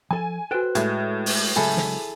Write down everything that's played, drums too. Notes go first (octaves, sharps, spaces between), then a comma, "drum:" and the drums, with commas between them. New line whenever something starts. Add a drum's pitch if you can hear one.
F3 A4 G#5
F#4 A4 B4 C5 G5 F#6
A2 G#3 G#4, drum: hi-hat
drum: open hi-hat
C#3 F#3 G#3 E4 G#4 A4
drum: snare